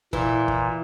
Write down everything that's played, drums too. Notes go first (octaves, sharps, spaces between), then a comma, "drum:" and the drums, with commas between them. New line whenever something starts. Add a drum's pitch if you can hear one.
A#2 E3, drum: kick
drum: kick